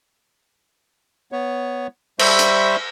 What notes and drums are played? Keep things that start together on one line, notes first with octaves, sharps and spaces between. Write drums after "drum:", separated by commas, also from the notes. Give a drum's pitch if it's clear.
B3 C#5
G3 C5 E5 C#6, drum: cymbal
drum: hi-hat